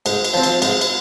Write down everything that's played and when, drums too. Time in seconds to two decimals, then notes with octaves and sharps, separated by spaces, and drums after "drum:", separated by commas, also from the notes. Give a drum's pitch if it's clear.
0.06 G#2, drum: cymbal
0.24 drum: cymbal
0.34 F3 C4
0.43 drum: cymbal
0.62 G#2, drum: cymbal
0.81 drum: cymbal